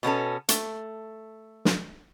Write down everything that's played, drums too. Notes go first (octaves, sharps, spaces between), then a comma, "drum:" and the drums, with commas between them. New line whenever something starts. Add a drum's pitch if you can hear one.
B2 B3 C#4 A4
A3, drum: hi-hat
drum: snare